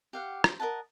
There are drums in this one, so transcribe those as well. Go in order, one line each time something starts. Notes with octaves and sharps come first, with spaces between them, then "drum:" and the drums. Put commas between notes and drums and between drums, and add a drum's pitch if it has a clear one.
G4 F5 F#5
C5, drum: rim click
A#4 D#5 F#5 A5